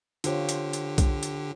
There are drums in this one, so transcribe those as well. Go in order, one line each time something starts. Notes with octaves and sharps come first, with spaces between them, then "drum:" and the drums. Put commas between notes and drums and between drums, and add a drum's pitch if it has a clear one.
D3 F4 G4 C5 C#5, drum: hi-hat
drum: hi-hat
drum: hi-hat
drum: kick B1, hi-hat
drum: hi-hat